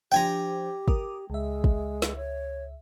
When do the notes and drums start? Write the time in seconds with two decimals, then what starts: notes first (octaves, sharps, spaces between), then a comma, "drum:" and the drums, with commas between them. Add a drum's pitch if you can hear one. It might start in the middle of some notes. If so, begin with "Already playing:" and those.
0.12 F3 D4 G4 C5 G5 G#5 A#5
0.88 A#4 D6 D#6, drum: kick
1.30 C#2 G#3 E5
1.64 drum: kick
2.02 drum: snare
2.16 C#5